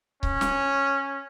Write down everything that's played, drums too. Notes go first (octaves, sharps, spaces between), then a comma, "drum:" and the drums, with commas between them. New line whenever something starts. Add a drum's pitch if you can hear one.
C#4, drum: kick C#1
drum: snare